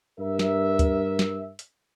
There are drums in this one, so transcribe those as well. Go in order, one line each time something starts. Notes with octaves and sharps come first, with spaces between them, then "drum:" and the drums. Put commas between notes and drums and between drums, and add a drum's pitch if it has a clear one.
G2 A#4 E5
drum: snare
drum: kick D2, hi-hat
drum: snare
drum: hi-hat